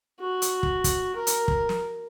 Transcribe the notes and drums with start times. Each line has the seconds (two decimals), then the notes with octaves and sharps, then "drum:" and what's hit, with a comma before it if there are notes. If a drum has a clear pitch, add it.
0.20 F#4
0.42 drum: hi-hat
0.63 drum: kick
0.84 drum: kick, hi-hat
1.16 A#4
1.27 drum: hi-hat
1.48 drum: kick
1.69 drum: snare